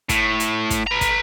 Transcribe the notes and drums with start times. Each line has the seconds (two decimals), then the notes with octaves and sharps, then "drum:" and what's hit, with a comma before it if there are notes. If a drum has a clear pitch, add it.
0.09 A2, drum: kick, hi-hat
0.40 drum: hi-hat
0.71 drum: kick, hi-hat
0.87 B4 A#5
1.01 drum: kick, hi-hat